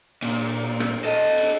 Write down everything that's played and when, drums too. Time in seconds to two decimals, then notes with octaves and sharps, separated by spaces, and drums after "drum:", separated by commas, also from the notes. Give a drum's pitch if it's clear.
0.22 A#2, drum: cymbal
0.80 drum: rim click
1.05 A4 D#5
1.38 drum: cymbal